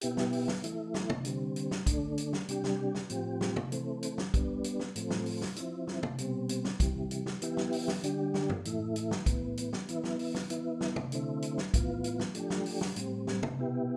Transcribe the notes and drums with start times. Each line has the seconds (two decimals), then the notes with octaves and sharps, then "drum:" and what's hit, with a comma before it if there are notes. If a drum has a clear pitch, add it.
0.01 B2 B3 E4 G4, drum: hi-hat
0.17 drum: snare
0.33 drum: open hi-hat
0.48 drum: snare
0.64 E3 A3 E4, drum: hi-hat
0.94 drum: snare
1.10 drum: tom
1.25 D3 G3 C4, drum: hi-hat
1.56 drum: hi-hat
1.71 drum: snare
1.87 D3 A3 D4, drum: kick, hi-hat
2.18 drum: hi-hat
2.33 drum: snare
2.49 C3 G3 D4 G4, drum: hi-hat
2.64 drum: snare
2.95 drum: snare
3.10 A2 F3 C4 G4, drum: hi-hat
3.41 drum: snare
3.56 drum: tom
3.72 E3 A3 C4, drum: hi-hat
4.03 drum: hi-hat
4.18 drum: snare
4.34 G3 B3 D4, drum: kick, hi-hat
4.64 drum: hi-hat
4.80 drum: snare
4.96 A2 F3 A3 C4, drum: hi-hat
5.10 drum: snare
5.26 drum: open hi-hat
5.41 drum: snare
5.56 F3 C4 E4, drum: hi-hat
5.87 drum: snare
6.03 drum: tom
6.18 B2 G3 C4, drum: hi-hat
6.49 drum: hi-hat
6.65 drum: snare
6.80 C3 E3 G3, drum: kick, hi-hat
7.11 drum: hi-hat
7.26 drum: snare
7.42 E3 B3 E4 G4, drum: hi-hat
7.57 drum: snare
7.72 drum: open hi-hat
7.88 drum: snare
8.03 D3 G3 D4 G4, drum: hi-hat
8.34 drum: snare
8.50 drum: tom F#2
8.65 A2 E3 A3 E4, drum: hi-hat
8.96 drum: hi-hat
9.11 drum: snare
9.26 A2 E3 B3, drum: kick, hi-hat
9.57 drum: hi-hat
9.73 drum: snare
9.89 E3 B3 E4, drum: hi-hat
10.04 drum: snare
10.19 drum: open hi-hat
10.34 drum: snare
10.50 E3 B3 E4, drum: hi-hat
10.81 drum: snare
10.96 drum: tom
11.12 D3 A3 C4 E4, drum: hi-hat
11.42 drum: hi-hat
11.58 drum: snare
11.74 A2 E3 B3 F4, drum: kick, hi-hat
12.04 drum: hi-hat
12.19 drum: snare
12.35 F3 A3 D4 G4, drum: hi-hat
12.50 drum: snare
12.66 drum: open hi-hat
12.81 drum: snare
12.96 A2 G3 C4, drum: hi-hat
13.27 drum: snare
13.43 drum: tom
13.58 B2 B3 E4 G4